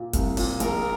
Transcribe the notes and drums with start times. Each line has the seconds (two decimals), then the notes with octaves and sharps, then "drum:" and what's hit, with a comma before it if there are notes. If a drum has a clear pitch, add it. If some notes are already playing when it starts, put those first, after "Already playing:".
Already playing: A#2
0.13 C2, drum: kick F1, hi-hat
0.37 A#2, drum: open hi-hat
0.60 A#1 A#4, drum: hi-hat